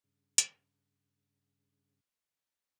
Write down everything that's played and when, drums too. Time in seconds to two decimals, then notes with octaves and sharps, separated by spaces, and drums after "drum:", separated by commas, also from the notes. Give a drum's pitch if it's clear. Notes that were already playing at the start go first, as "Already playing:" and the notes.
0.04 G2 C#3
0.38 drum: hi-hat